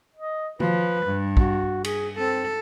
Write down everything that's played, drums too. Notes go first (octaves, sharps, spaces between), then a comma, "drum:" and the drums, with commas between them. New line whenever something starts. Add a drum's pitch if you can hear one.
D#5
F3 B4, drum: tom D#3
G2
F#4, drum: kick
G#4, drum: cymbal
C4 A4